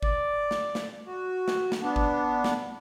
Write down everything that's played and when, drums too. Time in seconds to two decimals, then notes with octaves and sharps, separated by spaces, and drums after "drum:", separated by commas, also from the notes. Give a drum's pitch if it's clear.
0.03 D5, drum: kick G1
0.51 drum: snare
0.75 drum: snare
1.06 F#4
1.48 drum: snare
1.72 drum: snare
1.82 B3 D4
1.96 drum: kick G1
2.44 drum: snare